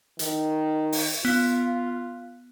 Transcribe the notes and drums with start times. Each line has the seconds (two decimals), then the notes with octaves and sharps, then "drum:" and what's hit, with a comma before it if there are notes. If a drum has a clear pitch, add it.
0.19 D#3, drum: hi-hat
0.92 drum: open hi-hat
1.25 B3 F4